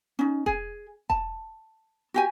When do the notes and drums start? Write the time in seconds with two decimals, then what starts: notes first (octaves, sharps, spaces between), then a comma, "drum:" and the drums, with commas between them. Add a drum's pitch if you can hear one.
0.19 C#4 D#4
0.46 G#4, drum: kick E1
1.10 A5, drum: kick E1
2.14 F#4 G4 G#5